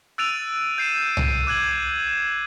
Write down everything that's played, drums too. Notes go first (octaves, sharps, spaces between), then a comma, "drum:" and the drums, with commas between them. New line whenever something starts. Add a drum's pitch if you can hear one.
E6 F#6 A6 D7 D#7 F7
G6 C7 D#7 E7
drum: tom C2
D6 F#6 G#6 F#7
E7